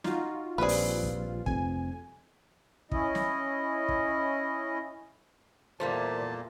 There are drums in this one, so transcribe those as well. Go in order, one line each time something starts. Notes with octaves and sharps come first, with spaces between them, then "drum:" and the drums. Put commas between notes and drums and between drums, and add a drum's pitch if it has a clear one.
D#4 F4 F#4, drum: snare
A#1 G3 C4 G#4 B4 C#6
drum: open hi-hat
drum: kick
F1 F2 G#5, drum: kick
C#4 E4 D#5, drum: kick
drum: snare
drum: kick
E2 A#2 G3 A3 A#3 A#4 C5 A5